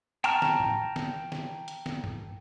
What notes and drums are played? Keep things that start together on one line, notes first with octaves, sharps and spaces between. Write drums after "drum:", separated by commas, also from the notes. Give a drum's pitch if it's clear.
G5 A5 A#5 C#6 F6, drum: hi-hat
drum: snare
drum: tom A2
drum: snare
drum: snare
drum: hi-hat
drum: snare
drum: tom G2